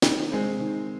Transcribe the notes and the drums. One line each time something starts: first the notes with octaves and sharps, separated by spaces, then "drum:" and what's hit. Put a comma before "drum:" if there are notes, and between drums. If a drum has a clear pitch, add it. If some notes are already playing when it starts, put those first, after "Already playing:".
D#3, drum: snare
G#3 C4
D#3